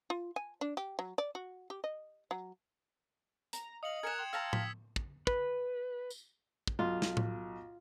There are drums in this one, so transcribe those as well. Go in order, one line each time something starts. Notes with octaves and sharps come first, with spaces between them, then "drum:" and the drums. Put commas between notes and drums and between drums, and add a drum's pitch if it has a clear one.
F4
G#5
D4
G4
F#3
D5
F#4
G4
D#5
F#3
A#5, drum: hi-hat
D#5 F5 D#6 C#7 F#7
A#4 F#5 G#5 G#6 C#7 E7
G5 C6
F5 A5 A#5 E6
B6, drum: tom A2
drum: kick
B4, drum: kick
drum: tambourine
drum: kick
B1 F4
drum: snare
drum: tom A2